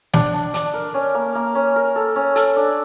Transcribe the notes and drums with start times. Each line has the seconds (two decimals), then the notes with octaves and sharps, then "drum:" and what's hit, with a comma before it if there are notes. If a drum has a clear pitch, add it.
0.13 D4, drum: snare
0.34 D4
0.54 D4, drum: hi-hat
0.74 A#4
0.94 C#4
1.15 A#3
1.35 A#3
1.55 C#4
1.76 A#4
1.96 A4
2.16 C#4
2.36 A4, drum: hi-hat
2.56 D4